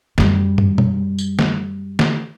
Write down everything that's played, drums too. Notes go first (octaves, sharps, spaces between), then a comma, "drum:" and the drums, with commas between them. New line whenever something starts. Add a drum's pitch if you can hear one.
F#2 G3, drum: snare
drum: tom
drum: tom
drum: tambourine
drum: snare
drum: snare